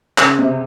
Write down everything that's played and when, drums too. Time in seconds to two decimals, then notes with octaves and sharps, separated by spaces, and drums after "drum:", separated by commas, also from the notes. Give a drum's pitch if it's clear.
0.18 C#3, drum: clap
0.39 C3